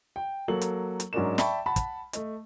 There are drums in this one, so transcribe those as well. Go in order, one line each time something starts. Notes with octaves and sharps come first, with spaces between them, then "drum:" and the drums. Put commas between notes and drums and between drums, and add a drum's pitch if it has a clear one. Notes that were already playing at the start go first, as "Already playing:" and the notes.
G5
F#3 A#3 A4 F#7
drum: hi-hat
drum: hi-hat
G#2 F#3 C#4 D4 A#4 E7
D5 E5 G5 A5 B5 C#6, drum: snare
F#5 A5 B5
drum: kick, hi-hat
A3 D#5, drum: hi-hat